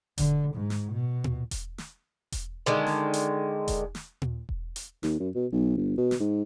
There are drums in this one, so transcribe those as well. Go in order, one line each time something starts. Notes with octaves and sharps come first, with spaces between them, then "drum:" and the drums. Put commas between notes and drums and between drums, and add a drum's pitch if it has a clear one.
D3, drum: kick E1, hi-hat
G#2
drum: snare
B2
drum: tom A#2
drum: kick E1, hi-hat
drum: snare
drum: kick E1, hi-hat
D3 D#3 G#3
drum: snare
drum: hi-hat
drum: kick E1, hi-hat
drum: snare
drum: tom A#2
drum: kick E1
drum: hi-hat
D#2, drum: snare
F#2
B2
B1
G1
B2
drum: snare
G#2